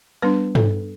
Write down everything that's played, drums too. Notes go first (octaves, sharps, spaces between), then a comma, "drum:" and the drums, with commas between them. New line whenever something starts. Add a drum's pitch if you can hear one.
G3 B3 D4 B4
A4, drum: tom